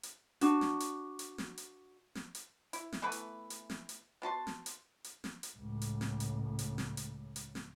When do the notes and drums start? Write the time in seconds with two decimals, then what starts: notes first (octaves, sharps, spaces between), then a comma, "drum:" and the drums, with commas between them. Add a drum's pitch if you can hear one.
0.03 drum: hi-hat
0.41 D4 F#4, drum: hi-hat
0.61 drum: snare
0.80 drum: hi-hat
1.19 drum: hi-hat
1.38 drum: snare
1.58 drum: hi-hat
2.15 drum: snare
2.35 drum: hi-hat
2.73 E4, drum: hi-hat
2.92 drum: snare
3.02 E3 A3 B3 B4
3.12 drum: hi-hat
3.50 drum: hi-hat
3.70 drum: snare
3.89 drum: hi-hat
4.22 B3 F#4 A5 C6
4.47 drum: snare
4.66 drum: hi-hat
5.04 drum: hi-hat
5.24 drum: snare
5.43 drum: hi-hat
5.55 C#2 A2
5.82 drum: hi-hat
6.01 drum: snare
6.20 drum: hi-hat
6.59 drum: hi-hat
6.78 drum: snare
6.97 drum: hi-hat
7.36 drum: hi-hat
7.55 drum: snare